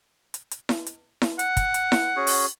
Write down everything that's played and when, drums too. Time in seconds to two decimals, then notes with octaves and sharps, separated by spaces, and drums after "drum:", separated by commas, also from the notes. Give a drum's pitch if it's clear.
0.34 drum: hi-hat
0.51 drum: hi-hat
0.69 drum: snare E4
0.86 drum: hi-hat
1.22 drum: snare E4
1.39 F#5, drum: hi-hat
1.57 drum: kick, hi-hat
1.74 drum: hi-hat
1.92 drum: snare E4
2.16 C#4 F#4 G#4
2.27 drum: open hi-hat